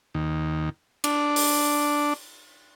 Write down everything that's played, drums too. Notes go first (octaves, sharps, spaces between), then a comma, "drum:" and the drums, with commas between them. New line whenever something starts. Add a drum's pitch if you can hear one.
D#2
D4, drum: cymbal
drum: open hi-hat